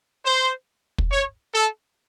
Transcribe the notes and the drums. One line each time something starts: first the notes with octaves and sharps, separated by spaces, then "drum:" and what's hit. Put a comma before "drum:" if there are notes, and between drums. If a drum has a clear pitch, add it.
C5
drum: kick
C#5
A4